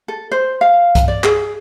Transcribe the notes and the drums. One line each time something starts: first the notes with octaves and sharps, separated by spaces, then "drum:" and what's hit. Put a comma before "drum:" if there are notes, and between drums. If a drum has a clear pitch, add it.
A4
C5
F5
drum: kick C2, hi-hat
D5
G#4, drum: clap